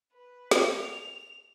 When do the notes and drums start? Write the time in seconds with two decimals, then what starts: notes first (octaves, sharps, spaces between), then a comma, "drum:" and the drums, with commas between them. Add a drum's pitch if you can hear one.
0.13 B4
0.51 drum: snare
0.74 F7